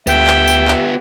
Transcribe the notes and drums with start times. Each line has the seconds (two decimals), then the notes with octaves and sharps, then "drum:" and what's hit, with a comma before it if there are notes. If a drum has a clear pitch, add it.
0.07 D2 B3 G4 E5 G5, drum: tambourine
0.27 drum: clap
0.47 drum: tambourine
0.68 drum: clap